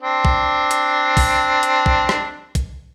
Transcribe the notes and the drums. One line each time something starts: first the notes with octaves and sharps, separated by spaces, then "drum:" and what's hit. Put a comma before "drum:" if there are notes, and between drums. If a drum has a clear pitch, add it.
C4 D4
drum: kick
drum: hi-hat
drum: kick, open hi-hat
drum: hi-hat
drum: kick
drum: rim click
drum: kick, hi-hat